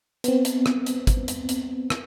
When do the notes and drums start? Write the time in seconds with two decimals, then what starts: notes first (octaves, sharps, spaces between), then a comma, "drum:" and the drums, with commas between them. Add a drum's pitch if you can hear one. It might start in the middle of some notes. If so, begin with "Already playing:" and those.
0.24 B3 C4, drum: hi-hat
0.45 drum: hi-hat
0.66 drum: rim click
0.86 drum: hi-hat
1.07 drum: kick, hi-hat
1.28 drum: hi-hat
1.49 drum: hi-hat
1.90 drum: rim click